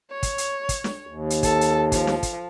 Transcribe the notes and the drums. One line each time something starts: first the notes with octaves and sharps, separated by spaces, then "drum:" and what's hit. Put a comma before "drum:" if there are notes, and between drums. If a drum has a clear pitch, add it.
C#5
drum: kick, hi-hat
drum: hi-hat
drum: kick, hi-hat
drum: snare
D#2
drum: hi-hat
A4, drum: kick, hi-hat
drum: hi-hat
F3, drum: kick, hi-hat
drum: snare
drum: kick, hi-hat